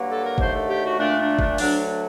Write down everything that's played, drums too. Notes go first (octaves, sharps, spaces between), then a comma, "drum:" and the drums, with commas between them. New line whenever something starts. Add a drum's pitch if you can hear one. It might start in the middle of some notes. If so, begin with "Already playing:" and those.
Already playing: G2 F#3 A#3
A4
A#4
D#2 D3 A3 C5, drum: kick
A4
G4
F#4
A#2 A3 D4
D4
D4, drum: kick
D2 D3 F#3 A3 D4, drum: open hi-hat
D4